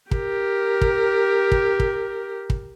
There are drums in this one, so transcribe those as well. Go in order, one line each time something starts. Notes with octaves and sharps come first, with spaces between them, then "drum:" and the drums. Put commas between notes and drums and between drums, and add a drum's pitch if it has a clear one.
G4 A#4, drum: kick
drum: kick
drum: kick
drum: kick
drum: kick